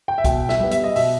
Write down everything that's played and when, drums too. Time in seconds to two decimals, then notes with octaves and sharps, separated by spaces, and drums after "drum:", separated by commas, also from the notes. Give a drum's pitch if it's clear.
0.08 G5
0.18 E5
0.24 B2 G5, drum: kick B1, hi-hat
0.49 E5, drum: snare
0.60 G3 B3
0.71 E5, drum: hi-hat
0.84 D#5
0.96 B2 E5, drum: open hi-hat